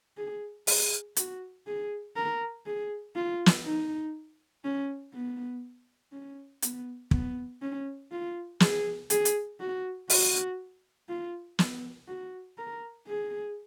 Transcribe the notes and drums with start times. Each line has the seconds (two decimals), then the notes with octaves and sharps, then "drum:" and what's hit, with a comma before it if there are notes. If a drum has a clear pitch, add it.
0.17 G#4
0.67 G#4, drum: open hi-hat
1.16 F#4, drum: hi-hat
1.66 G#4
2.16 A#4
2.65 G#4
3.15 F4
3.46 drum: snare
3.65 D#4
4.64 C#4
5.13 B3
6.12 C#4
6.62 B3, drum: hi-hat
7.11 B3, drum: kick
7.61 C#4
8.11 F4
8.60 G#4, drum: snare
9.10 G#4, drum: hi-hat
9.25 drum: hi-hat
9.60 F#4
10.10 F#4, drum: open hi-hat
11.09 F4
11.59 B3, drum: snare
12.07 F#4
12.58 A#4
13.07 G#4